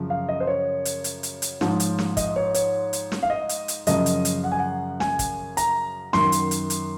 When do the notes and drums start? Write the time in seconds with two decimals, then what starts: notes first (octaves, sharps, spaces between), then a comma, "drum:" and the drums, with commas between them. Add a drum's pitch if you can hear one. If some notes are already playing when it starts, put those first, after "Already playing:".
Already playing: F#2 C#3 F3
0.10 F5
0.29 D#5
0.40 C5
0.47 C#5
0.85 drum: hi-hat
1.04 drum: hi-hat
1.23 drum: hi-hat
1.42 drum: hi-hat
1.61 G#2 F3, drum: snare
1.80 drum: hi-hat
1.98 drum: snare
2.17 D#5, drum: kick, hi-hat
2.36 C#5
2.54 C#5, drum: hi-hat
2.93 drum: hi-hat
3.12 drum: snare
3.23 F5
3.30 D#5
3.49 drum: hi-hat
3.68 drum: hi-hat
3.87 F#2 C#3 F3 D#5, drum: hi-hat
4.06 drum: hi-hat
4.25 drum: hi-hat
4.44 F#5
4.52 G#5
4.59 F#5
5.00 G#5, drum: snare
5.19 drum: kick, hi-hat
5.57 A#5, drum: hi-hat
6.13 F#2 D#3 C6, drum: snare
6.32 drum: hi-hat
6.51 drum: hi-hat
6.70 drum: hi-hat